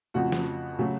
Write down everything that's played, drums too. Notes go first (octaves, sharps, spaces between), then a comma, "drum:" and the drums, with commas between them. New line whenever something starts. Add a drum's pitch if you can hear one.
F2 C#3 F3 A3 F#4 F#5
drum: snare
C#3 F#3 A3